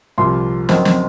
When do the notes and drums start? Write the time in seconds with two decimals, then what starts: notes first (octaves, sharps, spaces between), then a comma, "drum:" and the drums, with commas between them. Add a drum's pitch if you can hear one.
0.18 C2 A#2 F3 C6
0.69 F#1 F2 D#3 F#3 C4, drum: snare
0.85 drum: snare